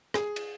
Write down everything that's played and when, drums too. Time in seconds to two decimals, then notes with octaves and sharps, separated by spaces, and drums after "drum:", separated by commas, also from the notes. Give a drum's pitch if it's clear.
0.14 G#4, drum: rim click
0.36 drum: cymbal